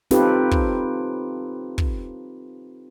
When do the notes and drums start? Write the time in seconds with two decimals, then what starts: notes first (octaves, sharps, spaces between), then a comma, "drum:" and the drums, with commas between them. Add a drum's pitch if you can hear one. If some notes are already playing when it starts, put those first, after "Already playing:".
0.11 C4 D#4 F4 G4 A4 B4, drum: snare
0.51 drum: kick
1.78 drum: kick